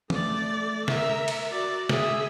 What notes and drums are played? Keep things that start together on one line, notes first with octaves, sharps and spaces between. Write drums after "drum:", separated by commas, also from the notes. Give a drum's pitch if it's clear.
A3 D5, drum: tom E3
A#4 E5, drum: snare
drum: cymbal
F#4 D5
G#4 E5, drum: snare